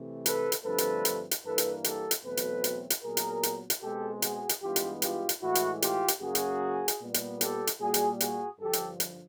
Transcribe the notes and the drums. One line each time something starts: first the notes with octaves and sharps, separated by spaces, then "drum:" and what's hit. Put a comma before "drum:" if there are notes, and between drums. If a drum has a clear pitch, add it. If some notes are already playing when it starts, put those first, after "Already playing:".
Already playing: C3 E3 A3
A4 B4, drum: hi-hat
drum: hi-hat
G2 D3 F3 A3 C4 A4 B4
drum: hi-hat
drum: hi-hat
drum: hi-hat
G2 E3 G3 A#3 A4 B4
drum: hi-hat
G4 A4, drum: hi-hat
drum: hi-hat
E2 B2 F#3 A3 C4 A4 B4
drum: hi-hat
drum: hi-hat
drum: hi-hat
A#2 F#3 B3 G#4 A#4
drum: hi-hat
drum: hi-hat
drum: hi-hat
B2 G#3 C4 G4 A4
F#4 G#4, drum: hi-hat
drum: hi-hat
G2 E3 G#3 B3 F4 G4
drum: hi-hat
F4 G4, drum: hi-hat
drum: hi-hat
A2 E3 G#3 E4 F#4
drum: hi-hat
F4 G4, drum: hi-hat
drum: hi-hat
F#2 C#3 F#3 A#3 F#4 G#4
drum: hi-hat
drum: hi-hat
A#2 G3 B3
drum: hi-hat
G4 A4, drum: hi-hat
drum: hi-hat
A#2 G3 A#3 F#4 G#4
drum: hi-hat
F#4 G#4, drum: hi-hat
G2 D3 F3 G4 A4
drum: hi-hat
drum: hi-hat